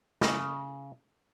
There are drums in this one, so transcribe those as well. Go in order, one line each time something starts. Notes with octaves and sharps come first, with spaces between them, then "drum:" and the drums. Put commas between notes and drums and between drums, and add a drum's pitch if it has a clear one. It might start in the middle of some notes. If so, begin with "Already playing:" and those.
C#3, drum: snare